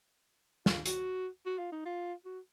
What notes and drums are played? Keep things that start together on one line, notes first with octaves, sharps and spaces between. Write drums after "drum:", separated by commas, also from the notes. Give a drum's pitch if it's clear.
F4, drum: snare
F#4, drum: hi-hat
F#4
F4
D#4
F4
F#4